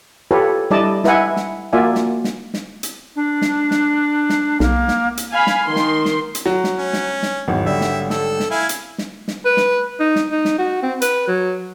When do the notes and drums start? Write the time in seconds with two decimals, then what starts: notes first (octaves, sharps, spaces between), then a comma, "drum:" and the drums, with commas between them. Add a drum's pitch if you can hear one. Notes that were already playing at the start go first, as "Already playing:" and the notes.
0.31 F4 G4 A4 B4 C#5
0.71 G3 D4 E4 D5 D#5 A5
1.04 E4 B4 D#5 E5 F#5 G#5, drum: snare
1.36 drum: snare
1.73 A#3 F4 F#4 D5 E5 G#5
1.95 drum: snare
2.24 drum: snare
2.54 drum: snare
2.83 drum: hi-hat
3.16 D4
3.42 drum: snare
3.71 drum: snare
4.30 drum: snare
4.60 B1 A#3, drum: snare
4.88 drum: snare
5.17 drum: hi-hat
5.31 F5 G#5 B5
5.47 drum: snare
5.65 D#3 C6
5.76 drum: snare
6.05 drum: snare
6.35 drum: hi-hat
6.46 F#3
6.64 drum: snare
6.79 C#4
6.93 drum: snare
7.23 drum: snare
7.48 G#1 E2 D#3 F#3
7.66 D3 F#3 G3 E5
7.81 drum: snare
8.10 A4, drum: snare
8.40 drum: snare
8.51 E4 F5 G#5
8.69 drum: hi-hat
8.98 drum: snare
9.28 drum: snare
9.45 B4
9.57 drum: snare
10.00 D#4
10.16 drum: snare
10.31 D#4
10.45 drum: snare
10.59 F#4
10.83 C4
11.02 B4, drum: hi-hat
11.28 F#3